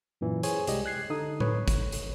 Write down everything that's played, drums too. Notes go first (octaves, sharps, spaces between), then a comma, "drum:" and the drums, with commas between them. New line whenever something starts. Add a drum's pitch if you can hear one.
F#2 A#2 E3
G#4 C5 C#5 G#5, drum: hi-hat
C2 G3 G#3 G4 D#5, drum: hi-hat
F#6 G#6 C7
D3 D#4 A4 D#6
B4 C#5, drum: tom A2
drum: kick G#1, hi-hat
drum: hi-hat